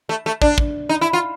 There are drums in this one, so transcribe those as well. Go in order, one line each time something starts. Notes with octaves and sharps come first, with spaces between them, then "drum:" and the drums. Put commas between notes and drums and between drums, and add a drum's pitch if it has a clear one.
A3
A3
D4, drum: kick
drum: kick
D#4
E4
F4